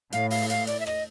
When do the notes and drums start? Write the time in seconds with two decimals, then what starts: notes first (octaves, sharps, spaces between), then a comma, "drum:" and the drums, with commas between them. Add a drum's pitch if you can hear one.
0.12 A2 F5, drum: hi-hat
0.30 F5, drum: open hi-hat
0.50 F5, drum: hi-hat
0.67 D5, drum: hi-hat
0.80 E5
0.86 D#5, drum: rim click